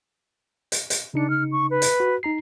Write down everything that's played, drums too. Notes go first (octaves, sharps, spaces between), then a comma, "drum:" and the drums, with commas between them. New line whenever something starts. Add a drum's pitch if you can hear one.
drum: hi-hat
drum: hi-hat
C#3 D4 D#4 C#7
F6
C#6
B4
drum: hi-hat
F#4
D#4 A#5 C7